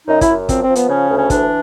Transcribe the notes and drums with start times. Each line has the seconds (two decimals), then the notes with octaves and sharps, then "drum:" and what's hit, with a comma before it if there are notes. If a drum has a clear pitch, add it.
0.08 F#2 D#4
0.21 E4, drum: kick, hi-hat
0.28 F#2
0.49 F3 C4, drum: kick, hi-hat
0.62 C4
0.69 F3
0.75 B3, drum: hi-hat
0.89 C#3 C#4
1.10 D2
1.18 C#4
1.30 E3 D4, drum: kick, hi-hat